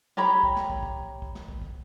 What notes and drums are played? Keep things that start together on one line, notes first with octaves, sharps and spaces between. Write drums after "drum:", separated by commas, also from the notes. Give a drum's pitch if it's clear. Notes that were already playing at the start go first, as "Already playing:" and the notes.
G4 C#5 A#5 B5
drum: kick
drum: snare
drum: kick
drum: kick
drum: kick
drum: snare
drum: kick
drum: kick